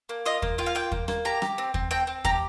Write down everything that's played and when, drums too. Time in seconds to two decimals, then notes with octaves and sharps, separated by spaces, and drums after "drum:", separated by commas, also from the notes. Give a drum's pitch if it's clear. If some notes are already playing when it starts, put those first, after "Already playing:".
0.09 A#3
0.25 F4 D#5
0.42 A#3, drum: kick
0.58 F4 G5
0.66 F5
0.75 A#3 G5
0.92 A#3, drum: kick
1.08 A#3, drum: rim click
1.25 G4 A#5
1.42 G4, drum: rim click
1.58 C4
1.74 C4, drum: kick
1.91 C4 G5
2.07 C4
2.24 G4 A#5, drum: kick